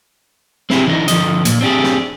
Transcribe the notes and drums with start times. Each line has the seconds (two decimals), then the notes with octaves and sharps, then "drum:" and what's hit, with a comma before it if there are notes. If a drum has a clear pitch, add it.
0.70 C4 E4 G4 G#4, drum: snare
0.87 E3 D4 D#4
1.08 D3 F3 D#5, drum: hi-hat
1.45 A#2, drum: hi-hat
1.61 C4 D4 G4 G#4
1.83 drum: snare